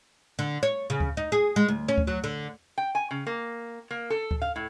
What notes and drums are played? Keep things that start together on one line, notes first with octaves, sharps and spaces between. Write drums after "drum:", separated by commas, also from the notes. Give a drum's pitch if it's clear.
D3
C#5
C#3
drum: kick D2
D#4
G#4
G#3
D2
C#4
drum: kick D2
F#3
D3
G5
G#5
C#3
A#3
A#3
A4
drum: kick D2
F5
A2